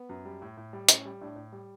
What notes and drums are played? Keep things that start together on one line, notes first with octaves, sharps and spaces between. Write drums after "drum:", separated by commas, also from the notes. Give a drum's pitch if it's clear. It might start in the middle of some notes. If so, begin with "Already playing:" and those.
Already playing: B3
F#2
G3
A2
A2
G3
A2 C#4, drum: hi-hat
G3
A2 D4
A2
G3